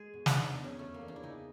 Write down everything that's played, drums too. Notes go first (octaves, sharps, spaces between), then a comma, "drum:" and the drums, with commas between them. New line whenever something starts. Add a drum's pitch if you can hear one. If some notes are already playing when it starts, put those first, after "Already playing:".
Already playing: G#3 G#4
B2
D4, drum: snare
E2 D#4
D4
F3
C#4
C#3 A3
A#3
E2
D4
E4
C#3 D#4